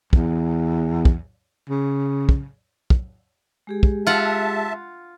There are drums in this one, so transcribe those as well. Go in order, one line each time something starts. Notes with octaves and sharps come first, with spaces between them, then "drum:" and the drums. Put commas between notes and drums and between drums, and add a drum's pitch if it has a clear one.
E2, drum: kick
drum: kick
C#3
drum: kick
drum: kick
G#3 G4 G#4
drum: kick
F4 E5 F#5 A5